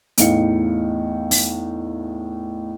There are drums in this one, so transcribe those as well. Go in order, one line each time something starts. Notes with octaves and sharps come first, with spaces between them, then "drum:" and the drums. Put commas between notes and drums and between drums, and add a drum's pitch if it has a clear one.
E2 A2 D#4 F5 C#7, drum: hi-hat
drum: open hi-hat